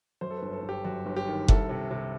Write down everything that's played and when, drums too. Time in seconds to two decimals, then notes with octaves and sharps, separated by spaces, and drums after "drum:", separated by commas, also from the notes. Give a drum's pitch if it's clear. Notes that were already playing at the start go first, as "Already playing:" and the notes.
0.21 F#2 C5
0.30 A4
0.37 B4
0.42 G1
0.53 A4
0.63 G1
0.69 G4
0.85 F#2 F#4
1.06 G1
1.16 G4
1.27 D#3
1.48 C2 A4, drum: kick F#1
1.69 C3
1.91 C3